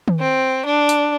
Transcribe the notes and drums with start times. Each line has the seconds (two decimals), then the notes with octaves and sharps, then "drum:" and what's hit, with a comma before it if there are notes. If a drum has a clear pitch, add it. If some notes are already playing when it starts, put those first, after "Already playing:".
0.08 drum: tom D#3
0.20 C4
0.66 D4
0.89 drum: hi-hat